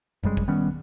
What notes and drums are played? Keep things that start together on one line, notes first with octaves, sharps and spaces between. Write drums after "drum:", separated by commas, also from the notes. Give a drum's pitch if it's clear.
F1 F#2 G3 G#3
drum: kick G1
D#3 G3 B3 C#4